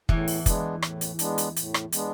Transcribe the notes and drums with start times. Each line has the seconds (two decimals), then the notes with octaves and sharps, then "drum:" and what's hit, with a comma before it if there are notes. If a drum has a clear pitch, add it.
0.09 E2 A2 E3, drum: kick
0.28 drum: open hi-hat
0.46 G#3 B3 D4, drum: kick, hi-hat
0.82 A2, drum: rim click
1.01 drum: hi-hat
1.19 G#3 B3 D4, drum: hi-hat
1.38 drum: hi-hat
1.56 A2, drum: hi-hat
1.74 drum: rim click
1.92 G#3 B3 D4, drum: hi-hat